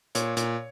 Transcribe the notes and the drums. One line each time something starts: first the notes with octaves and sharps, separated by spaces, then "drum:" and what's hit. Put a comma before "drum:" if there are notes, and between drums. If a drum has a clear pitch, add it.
A#2 C#5, drum: hi-hat
A#2, drum: hi-hat